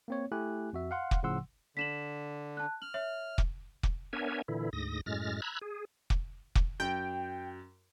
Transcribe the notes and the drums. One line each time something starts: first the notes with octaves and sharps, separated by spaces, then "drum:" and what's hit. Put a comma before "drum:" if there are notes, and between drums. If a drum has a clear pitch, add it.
A#3 C4 C#5
A3 E4 G4 G#5 F#6
F2 F#4 E5
F5 F#5 C6
drum: kick
A2 C#3 F3 F#5 C6 E6
D3 B6 E7 F#7
A5 F#6
F6 F#7
C#5 E5 F#7
drum: kick
drum: kick
B3 D4 A#4 C#5 E5 G#5
A#2 D3 E3 E4
D2 G#2 D#6 A#6
F#2 A2 G#3 F6 A6 A#6
A#5 B5 E6 F#6 G#6
G#4
drum: kick
drum: kick
F#2 G5